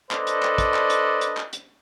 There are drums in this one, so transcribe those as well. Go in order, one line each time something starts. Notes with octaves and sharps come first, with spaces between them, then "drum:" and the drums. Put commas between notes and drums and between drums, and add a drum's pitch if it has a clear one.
D4 A4 B4 C5 D5 D#5, drum: clap
drum: hi-hat
drum: clap
drum: kick, hi-hat
drum: clap
drum: hi-hat
drum: hi-hat
drum: clap
drum: hi-hat